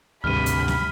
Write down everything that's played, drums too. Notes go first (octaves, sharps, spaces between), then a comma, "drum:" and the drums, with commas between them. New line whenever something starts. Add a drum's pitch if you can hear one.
G#1 D2 G2 C3 B5 F6 D#7
drum: hi-hat
drum: snare